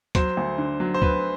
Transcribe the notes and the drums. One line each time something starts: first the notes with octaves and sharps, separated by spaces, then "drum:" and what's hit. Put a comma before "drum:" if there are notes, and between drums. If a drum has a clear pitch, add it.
F#3 C5, drum: kick D2, hi-hat
D2
D3
F#3
C5
F#3 B4, drum: kick D2